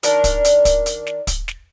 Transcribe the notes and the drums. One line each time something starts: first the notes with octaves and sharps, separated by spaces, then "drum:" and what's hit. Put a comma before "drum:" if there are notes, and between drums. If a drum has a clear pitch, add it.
D#3 D4 A#4, drum: hi-hat
drum: kick, hi-hat
drum: hi-hat
drum: kick, hi-hat
drum: hi-hat
drum: snare
drum: kick, hi-hat
drum: snare